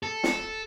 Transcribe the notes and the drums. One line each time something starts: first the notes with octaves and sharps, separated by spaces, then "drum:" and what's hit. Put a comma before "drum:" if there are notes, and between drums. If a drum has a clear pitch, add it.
A4
drum: snare